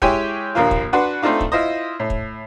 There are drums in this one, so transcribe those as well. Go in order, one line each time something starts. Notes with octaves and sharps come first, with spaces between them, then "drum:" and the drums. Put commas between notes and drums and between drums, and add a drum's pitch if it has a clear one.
G#3 E4 G4 C#5 G5 G#5, drum: kick
A#1 D#2 A#3 F4
drum: kick
D4 F#4 B4 F#5 C6
A3 C4 D4 D#4 F4
drum: kick
E4 F4 C5 D#5
A2
drum: kick